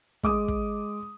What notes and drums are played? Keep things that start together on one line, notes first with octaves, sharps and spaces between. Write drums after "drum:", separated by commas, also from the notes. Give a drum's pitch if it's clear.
G#3 D6 D#6, drum: kick
drum: kick